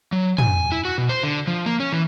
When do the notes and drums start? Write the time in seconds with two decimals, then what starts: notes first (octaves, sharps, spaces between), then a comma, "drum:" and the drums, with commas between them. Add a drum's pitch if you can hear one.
0.12 F#3
0.38 G#5, drum: tom
0.72 E4
0.85 F#4
0.98 B2
1.09 C5
1.23 D3
1.47 F3
1.66 A#3
1.80 C#4
1.92 E3